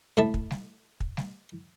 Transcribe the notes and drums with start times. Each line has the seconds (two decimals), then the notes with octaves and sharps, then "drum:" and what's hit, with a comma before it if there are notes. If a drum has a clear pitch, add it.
0.17 A2 A3 E5 A5
0.34 drum: kick
0.51 drum: snare G3
1.00 drum: kick
1.17 drum: snare G3